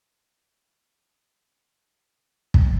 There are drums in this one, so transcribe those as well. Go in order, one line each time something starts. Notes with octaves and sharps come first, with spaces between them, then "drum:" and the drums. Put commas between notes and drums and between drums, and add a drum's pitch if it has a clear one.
D4 F#4 G#4 D#5 F5 F#5
drum: kick